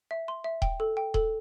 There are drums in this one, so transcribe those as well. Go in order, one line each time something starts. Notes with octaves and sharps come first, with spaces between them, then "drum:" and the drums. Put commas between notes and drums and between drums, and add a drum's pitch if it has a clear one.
E5
C6
E5
G5, drum: kick D#1
A4
G5
A4, drum: kick D#1